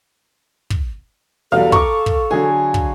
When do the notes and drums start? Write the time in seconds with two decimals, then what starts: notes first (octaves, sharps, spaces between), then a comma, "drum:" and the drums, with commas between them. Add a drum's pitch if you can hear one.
0.70 drum: kick
1.52 E2 F#3 G3 A4 F5
1.72 A#5 C#6 D6, drum: kick
2.06 drum: kick
2.31 D3 F#3 G#4 G#5
2.74 drum: kick